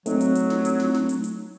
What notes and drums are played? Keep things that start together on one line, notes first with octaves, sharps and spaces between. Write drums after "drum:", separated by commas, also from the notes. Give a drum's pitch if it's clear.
F#3 A3 C4 D#4, drum: hi-hat
drum: hi-hat
drum: hi-hat
drum: snare
drum: hi-hat
drum: snare
drum: snare
drum: hi-hat
drum: hi-hat